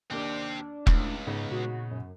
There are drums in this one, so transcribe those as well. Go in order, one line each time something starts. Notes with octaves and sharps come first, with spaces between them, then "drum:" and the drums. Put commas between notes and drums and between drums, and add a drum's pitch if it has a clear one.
D#2 A#3 C4 D4 G4
C#2 A2, drum: kick E1
G#2 C#3 B3 D#4
A#2 F#4
F#2